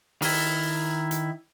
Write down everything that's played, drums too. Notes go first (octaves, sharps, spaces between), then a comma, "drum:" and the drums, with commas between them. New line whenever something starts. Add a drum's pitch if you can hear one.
D#3 E4, drum: open hi-hat
drum: hi-hat